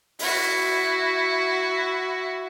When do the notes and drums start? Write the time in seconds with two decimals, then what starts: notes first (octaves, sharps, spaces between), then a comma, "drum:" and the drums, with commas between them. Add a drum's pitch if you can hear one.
0.19 E4 F#4, drum: open hi-hat